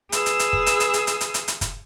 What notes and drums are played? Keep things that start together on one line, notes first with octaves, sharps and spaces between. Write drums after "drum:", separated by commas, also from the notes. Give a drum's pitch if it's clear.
G#4 B4 E6, drum: hi-hat
drum: hi-hat
drum: hi-hat
drum: kick
drum: hi-hat
drum: hi-hat
drum: hi-hat
drum: hi-hat
drum: hi-hat
drum: hi-hat
drum: hi-hat
drum: kick, hi-hat